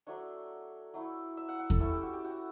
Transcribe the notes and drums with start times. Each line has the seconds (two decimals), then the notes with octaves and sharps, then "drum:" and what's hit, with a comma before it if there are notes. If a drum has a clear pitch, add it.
0.07 F#3 A3 D4 C#5
0.94 F#3 A3 E4
1.37 E5
1.49 F#5
1.59 F#5
1.70 A4, drum: kick E2
1.80 A3 C#4 E4 A4
1.92 G4
2.03 F#4
2.13 G4
2.24 F#4